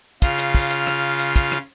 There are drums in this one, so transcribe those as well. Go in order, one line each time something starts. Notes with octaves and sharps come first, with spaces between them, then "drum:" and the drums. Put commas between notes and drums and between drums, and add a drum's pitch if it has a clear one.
C#3 F4 F5, drum: kick, hi-hat
drum: hi-hat
drum: kick, open hi-hat
drum: hi-hat
drum: rim click
drum: hi-hat
drum: kick, hi-hat
drum: rim click